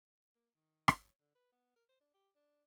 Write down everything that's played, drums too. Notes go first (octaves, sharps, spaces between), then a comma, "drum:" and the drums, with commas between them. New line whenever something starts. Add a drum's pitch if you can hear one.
A#3
D#3
drum: rim click
C#5
D3
B4
B3
A#4
C5
D4
G4
D4